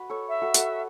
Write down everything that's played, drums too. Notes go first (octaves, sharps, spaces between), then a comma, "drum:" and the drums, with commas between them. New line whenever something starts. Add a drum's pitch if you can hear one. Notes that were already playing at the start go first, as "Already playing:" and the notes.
Already playing: F#4 B4
A4 C#5
E5
F#4 A4
F#4 A4, drum: hi-hat